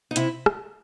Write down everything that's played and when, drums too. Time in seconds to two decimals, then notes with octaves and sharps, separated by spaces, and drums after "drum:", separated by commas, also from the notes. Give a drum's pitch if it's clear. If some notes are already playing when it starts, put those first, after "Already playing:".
0.11 D#4
0.16 C3 E4, drum: hi-hat
0.46 drum: rim click